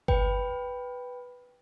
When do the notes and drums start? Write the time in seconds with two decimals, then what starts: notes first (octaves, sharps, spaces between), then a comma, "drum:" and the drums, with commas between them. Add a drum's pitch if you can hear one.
0.08 B4 G5, drum: kick G1